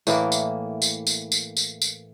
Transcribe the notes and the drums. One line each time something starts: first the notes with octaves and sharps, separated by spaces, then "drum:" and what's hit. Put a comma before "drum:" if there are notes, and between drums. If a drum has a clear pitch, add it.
A2 E3 A#3, drum: tambourine
drum: tambourine
drum: tambourine
drum: tambourine
drum: tambourine
drum: tambourine
drum: tambourine